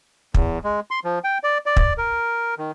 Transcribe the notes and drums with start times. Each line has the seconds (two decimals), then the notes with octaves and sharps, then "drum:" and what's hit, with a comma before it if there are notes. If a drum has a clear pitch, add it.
0.34 E2, drum: kick
0.64 G#3
0.91 C6
1.05 F3
1.24 G5
1.44 D5
1.66 D5
1.77 drum: kick
1.98 A#4
2.58 D#3